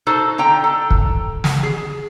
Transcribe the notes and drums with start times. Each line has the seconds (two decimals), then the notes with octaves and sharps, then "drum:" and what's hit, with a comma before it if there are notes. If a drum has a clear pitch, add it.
0.07 D#4 F#4 A4 C5
0.38 D3 D#4 G5 A#5
0.64 A4
0.90 drum: kick
1.44 drum: snare
1.63 G#4